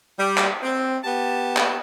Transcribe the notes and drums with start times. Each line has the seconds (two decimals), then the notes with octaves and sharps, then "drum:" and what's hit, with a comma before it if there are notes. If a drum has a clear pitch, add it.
0.18 G3
0.38 drum: clap
0.63 C4
1.04 B3 G4 A5
1.57 drum: clap